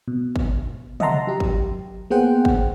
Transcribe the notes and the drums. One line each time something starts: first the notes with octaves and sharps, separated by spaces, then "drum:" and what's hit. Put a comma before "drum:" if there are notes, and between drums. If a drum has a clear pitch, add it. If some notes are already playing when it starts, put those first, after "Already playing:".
B2
drum: kick
D#5 E5 F#5 A5 A#5 C6, drum: tom
F#3 G4
drum: kick
A#3 B3 G#4 C5 F#5 G5
drum: kick